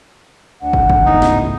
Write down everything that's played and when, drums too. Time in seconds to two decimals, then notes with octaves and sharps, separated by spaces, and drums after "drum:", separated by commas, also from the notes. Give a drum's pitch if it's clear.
0.62 D2 D4 F#5
0.73 drum: kick
0.90 drum: kick
1.06 G#1 C#2 A2 E3 B3 D#4
1.22 drum: snare